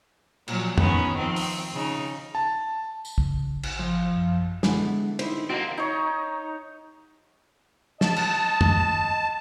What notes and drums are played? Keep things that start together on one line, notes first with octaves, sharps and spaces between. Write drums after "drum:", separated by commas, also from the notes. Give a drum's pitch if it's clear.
A#2 F3 F#3, drum: cymbal
D#3 B3 C#4, drum: tom
D#3 F3 C4
drum: open hi-hat
C#3 D#4
A5
drum: tambourine
C#3, drum: kick
A1, drum: cymbal
F3
F#2
D3 E3 G#3 B3, drum: snare
G3 D#4 E4 C5, drum: cymbal
A#3 C4 F#4 D#5
D#4 C#5
D#5 A5, drum: snare
drum: cymbal
drum: tom